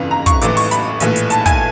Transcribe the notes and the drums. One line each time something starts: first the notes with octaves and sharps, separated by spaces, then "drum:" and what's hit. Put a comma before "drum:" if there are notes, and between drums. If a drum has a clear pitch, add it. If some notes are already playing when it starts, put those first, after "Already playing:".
Already playing: G1 F2 C#3 E3
A#5
C#6, drum: kick, hi-hat
A1 A2 E3 D6, drum: hi-hat
C#6, drum: open hi-hat
B5, drum: hi-hat
A#1 A2 E3, drum: hi-hat
drum: hi-hat
A5, drum: hi-hat
G#5, drum: kick, hi-hat